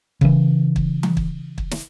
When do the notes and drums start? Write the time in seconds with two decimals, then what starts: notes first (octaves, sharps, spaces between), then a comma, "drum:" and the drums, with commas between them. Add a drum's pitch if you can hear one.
0.21 C#3 E3, drum: kick
0.76 drum: kick
1.03 drum: tom E3
1.17 drum: kick
1.58 drum: kick
1.71 drum: snare